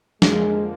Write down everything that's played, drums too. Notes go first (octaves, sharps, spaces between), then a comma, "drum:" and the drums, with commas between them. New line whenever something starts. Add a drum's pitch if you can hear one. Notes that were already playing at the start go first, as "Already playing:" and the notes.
F2 D3 F3 G#3 A#3, drum: snare